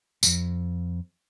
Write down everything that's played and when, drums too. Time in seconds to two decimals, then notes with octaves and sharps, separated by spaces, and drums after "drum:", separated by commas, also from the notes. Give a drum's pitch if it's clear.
0.23 F2 G#2, drum: tambourine